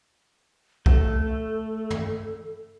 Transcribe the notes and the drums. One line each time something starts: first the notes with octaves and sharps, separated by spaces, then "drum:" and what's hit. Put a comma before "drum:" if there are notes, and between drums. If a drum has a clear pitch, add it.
A3 A4, drum: kick
drum: tom